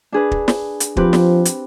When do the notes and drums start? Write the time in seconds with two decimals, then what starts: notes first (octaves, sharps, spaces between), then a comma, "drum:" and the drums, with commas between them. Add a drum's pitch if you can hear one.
0.12 D4 G#4 B4
0.31 drum: kick
0.48 drum: snare
0.80 drum: hi-hat
0.97 F3 C4 G4 B4, drum: kick
1.13 drum: snare
1.45 drum: hi-hat